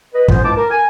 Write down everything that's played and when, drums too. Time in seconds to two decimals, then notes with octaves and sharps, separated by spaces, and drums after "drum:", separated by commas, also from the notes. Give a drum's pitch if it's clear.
0.14 B4 D#5
0.28 D2 D3 B3 C#4 F4 C5, drum: kick
0.43 G2 G#3 E4 A5 D6
0.57 A#4
0.71 G#5